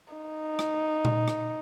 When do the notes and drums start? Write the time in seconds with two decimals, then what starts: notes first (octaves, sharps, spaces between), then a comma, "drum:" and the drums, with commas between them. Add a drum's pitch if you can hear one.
0.14 D#4
0.59 drum: rim click
1.05 drum: tom A#2
1.28 drum: rim click